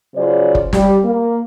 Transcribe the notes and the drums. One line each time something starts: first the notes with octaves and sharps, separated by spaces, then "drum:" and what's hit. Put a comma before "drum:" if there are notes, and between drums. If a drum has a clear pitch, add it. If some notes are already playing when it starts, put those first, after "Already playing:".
C#3 F#3 F4 C5 D5
drum: kick
G3, drum: snare
A#3